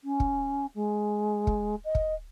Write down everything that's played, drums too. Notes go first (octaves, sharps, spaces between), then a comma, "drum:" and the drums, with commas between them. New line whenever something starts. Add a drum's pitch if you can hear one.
C#4
drum: kick
G#3
drum: kick
D#5
drum: kick